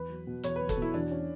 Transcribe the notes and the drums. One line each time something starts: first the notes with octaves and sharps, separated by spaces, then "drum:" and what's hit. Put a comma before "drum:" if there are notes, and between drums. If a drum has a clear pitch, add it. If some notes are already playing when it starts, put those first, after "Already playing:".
Already playing: E2 B4
F#3
B2
E2 C#5, drum: hi-hat
B4
F#3
A4, drum: kick, hi-hat
B2 E4
E2 D4
C#4